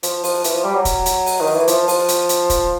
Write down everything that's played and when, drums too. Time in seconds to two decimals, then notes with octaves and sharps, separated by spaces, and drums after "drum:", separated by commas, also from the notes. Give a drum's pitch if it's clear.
0.03 F3, drum: hi-hat
0.24 F3, drum: open hi-hat
0.44 E3, drum: hi-hat
0.54 F3
0.64 G3
0.74 F#3
0.85 drum: kick, hi-hat
1.06 drum: hi-hat
1.26 drum: open hi-hat
1.41 D#3
1.54 E3
1.68 F3, drum: hi-hat
1.88 F3, drum: open hi-hat
2.08 drum: hi-hat
2.29 drum: hi-hat
2.50 drum: kick, hi-hat